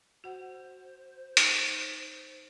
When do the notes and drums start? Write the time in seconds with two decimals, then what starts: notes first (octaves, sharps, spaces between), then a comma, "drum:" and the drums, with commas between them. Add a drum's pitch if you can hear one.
0.24 F#4 C5 F#5
1.37 D#4, drum: hi-hat